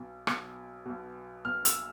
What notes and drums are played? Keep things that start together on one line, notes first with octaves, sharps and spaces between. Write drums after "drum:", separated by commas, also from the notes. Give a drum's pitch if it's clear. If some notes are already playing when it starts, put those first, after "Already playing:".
Already playing: B1 B2
B1 B2, drum: rim click
B1 B2
B1 B2 F6
E6, drum: hi-hat